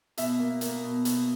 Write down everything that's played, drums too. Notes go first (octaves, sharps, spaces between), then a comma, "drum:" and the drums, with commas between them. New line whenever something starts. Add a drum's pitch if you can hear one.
B2 E5, drum: hi-hat
A#3
A#3, drum: hi-hat
B2
B2, drum: hi-hat